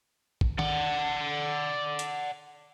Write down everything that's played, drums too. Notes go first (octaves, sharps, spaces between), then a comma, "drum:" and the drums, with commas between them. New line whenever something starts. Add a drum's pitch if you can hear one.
drum: kick A#1
D5 F#5, drum: tom D#3
drum: hi-hat